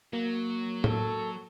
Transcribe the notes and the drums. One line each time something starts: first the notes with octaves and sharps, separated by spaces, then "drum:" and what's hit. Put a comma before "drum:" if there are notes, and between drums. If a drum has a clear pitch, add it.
F#3 A#3
A4, drum: tom A2